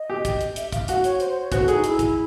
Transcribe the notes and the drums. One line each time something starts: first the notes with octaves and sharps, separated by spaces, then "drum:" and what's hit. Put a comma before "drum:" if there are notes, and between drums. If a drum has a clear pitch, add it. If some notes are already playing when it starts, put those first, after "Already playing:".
Already playing: D#5
G4
drum: kick, hi-hat
drum: hi-hat
E5, drum: hi-hat
F5, drum: kick, hi-hat
F#4 F#5, drum: hi-hat
C#5, drum: hi-hat
C5, drum: hi-hat
C5
C#5
F#4 B4, drum: kick, hi-hat
A4
D#4 G#4, drum: hi-hat
E4, drum: hi-hat
drum: kick, hi-hat